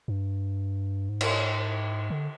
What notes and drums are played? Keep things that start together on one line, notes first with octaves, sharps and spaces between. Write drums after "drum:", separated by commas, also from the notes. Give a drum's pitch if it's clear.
G2
G#2
drum: cymbal
D3